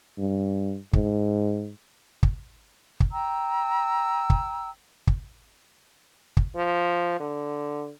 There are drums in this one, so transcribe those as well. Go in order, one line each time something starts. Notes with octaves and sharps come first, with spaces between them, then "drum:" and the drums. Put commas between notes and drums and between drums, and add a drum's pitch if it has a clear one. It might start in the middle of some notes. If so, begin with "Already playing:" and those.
G2
G#2, drum: kick
drum: kick
drum: kick
G5 A#5 E6
drum: kick
drum: kick
drum: kick
F3
D3